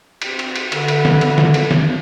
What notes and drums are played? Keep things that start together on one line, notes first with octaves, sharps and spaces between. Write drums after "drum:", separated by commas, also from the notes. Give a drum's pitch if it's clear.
C4 G4, drum: cymbal
drum: cymbal
drum: cymbal
D3 B4 E5, drum: cymbal
drum: cymbal
drum: snare
drum: cymbal
drum: snare
drum: cymbal
drum: snare